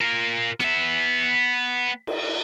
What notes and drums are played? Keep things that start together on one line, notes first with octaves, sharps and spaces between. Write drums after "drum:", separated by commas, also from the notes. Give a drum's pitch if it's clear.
F4 A#4
B3 E5, drum: rim click
drum: cymbal